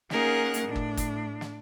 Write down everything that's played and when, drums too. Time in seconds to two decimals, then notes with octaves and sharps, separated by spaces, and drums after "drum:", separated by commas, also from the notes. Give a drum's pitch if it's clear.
0.10 A#3 C#4 D#4 G#4 A#4 F#5, drum: snare
0.54 drum: hi-hat
0.66 A2 D4
0.76 drum: kick
0.97 drum: kick, hi-hat
1.41 drum: snare